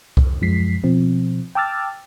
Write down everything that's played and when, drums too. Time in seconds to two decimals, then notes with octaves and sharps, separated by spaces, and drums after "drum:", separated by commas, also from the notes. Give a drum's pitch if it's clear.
0.17 drum: kick C2
0.42 F#2 F3 G#3 B6 C7
0.84 B2 F3 C4
1.55 G5 A5 D6 E6 F6 A6